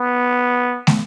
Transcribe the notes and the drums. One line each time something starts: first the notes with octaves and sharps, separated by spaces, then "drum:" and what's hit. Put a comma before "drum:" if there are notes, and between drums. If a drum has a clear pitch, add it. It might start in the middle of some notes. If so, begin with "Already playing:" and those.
Already playing: B3
drum: snare